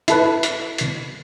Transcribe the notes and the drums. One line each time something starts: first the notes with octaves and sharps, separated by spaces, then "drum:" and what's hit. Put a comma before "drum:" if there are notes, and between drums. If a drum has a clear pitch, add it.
E4 A4 B4, drum: hi-hat
drum: hi-hat
drum: hi-hat